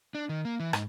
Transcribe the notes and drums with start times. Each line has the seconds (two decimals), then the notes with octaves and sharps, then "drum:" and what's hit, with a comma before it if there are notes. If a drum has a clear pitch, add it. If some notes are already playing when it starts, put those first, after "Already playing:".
0.15 D4
0.29 D#3
0.45 A#3
0.60 E3
0.73 G#2, drum: rim click